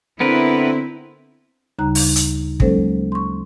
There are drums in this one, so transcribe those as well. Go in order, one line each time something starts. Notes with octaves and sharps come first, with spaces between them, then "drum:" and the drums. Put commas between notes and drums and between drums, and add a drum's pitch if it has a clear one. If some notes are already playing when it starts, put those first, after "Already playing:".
D3 B3 C4 E4 A#4 B4
D2 C#3 G3 D#4 A#5 F#6
drum: open hi-hat
drum: hi-hat
F#3 G#3 A#3 C#4 A4 C5, drum: kick
C6 C#6